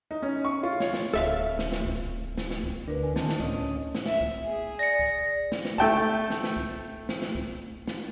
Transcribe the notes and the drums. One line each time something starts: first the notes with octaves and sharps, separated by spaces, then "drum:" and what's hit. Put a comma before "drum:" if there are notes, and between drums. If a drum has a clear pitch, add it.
D#4
C#4
C#6
F4
C#5, drum: snare
drum: snare
D1 A4 E5 F5
drum: snare
drum: snare
drum: kick C2
drum: snare
drum: snare
drum: kick C2
D2 D4 A#4 B4
B4 G#5
D#3 C4 A5, drum: snare
drum: snare
D2 A2 C#4 D#5, drum: kick C2
drum: snare
E5, drum: snare
drum: kick C2
G#4
D5 A#6 C#7
drum: kick C2
drum: snare
drum: snare
A3 G5 A5, drum: kick C2
drum: snare
drum: snare
drum: kick C2
drum: snare
drum: snare
drum: kick C2
drum: snare